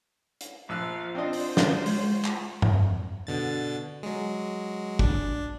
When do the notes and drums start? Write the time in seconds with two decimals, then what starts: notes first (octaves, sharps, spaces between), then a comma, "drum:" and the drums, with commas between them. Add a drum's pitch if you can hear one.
0.41 drum: hi-hat
0.69 A#1 F3 F5 E6 F#6
1.15 C4 D4 F4 C5 D#5
1.33 drum: open hi-hat
1.57 drum: snare
1.86 G#3 C#5, drum: open hi-hat
2.25 drum: clap
2.62 F2, drum: tom G2
3.27 B2 D3 A6
4.03 F#3 G#3
4.99 D4, drum: kick